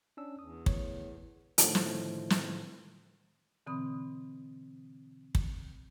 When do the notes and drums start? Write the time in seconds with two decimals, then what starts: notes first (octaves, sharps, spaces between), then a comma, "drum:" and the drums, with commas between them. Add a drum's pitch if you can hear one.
0.17 C#4 D4 E6
0.39 E2 D#6
0.66 A3 B3 C#5, drum: kick
1.58 A2 D3 D#3 F3, drum: hi-hat
1.75 drum: snare
2.30 drum: snare
3.66 B2 D3 E3 C4 B5 D#6
5.35 drum: kick